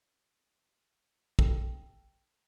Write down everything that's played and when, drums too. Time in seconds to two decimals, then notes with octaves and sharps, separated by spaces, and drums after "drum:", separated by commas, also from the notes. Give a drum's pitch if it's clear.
1.39 A4 G5, drum: kick